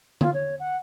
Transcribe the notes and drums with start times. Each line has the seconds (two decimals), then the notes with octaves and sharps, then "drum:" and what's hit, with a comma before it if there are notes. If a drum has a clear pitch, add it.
0.21 F4, drum: tom D3
0.33 C#5
0.59 F#5